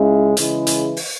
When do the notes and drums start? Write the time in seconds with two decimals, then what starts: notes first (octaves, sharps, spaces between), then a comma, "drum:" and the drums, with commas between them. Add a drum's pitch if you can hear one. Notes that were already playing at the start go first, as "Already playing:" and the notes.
Already playing: C#2 C#3 G#3 E4
0.37 C#3 E3 G#3 E4, drum: hi-hat
0.67 drum: hi-hat
0.97 drum: open hi-hat